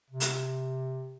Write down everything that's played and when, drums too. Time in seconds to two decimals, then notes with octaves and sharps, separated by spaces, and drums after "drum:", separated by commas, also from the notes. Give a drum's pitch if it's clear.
0.11 C3
0.20 drum: hi-hat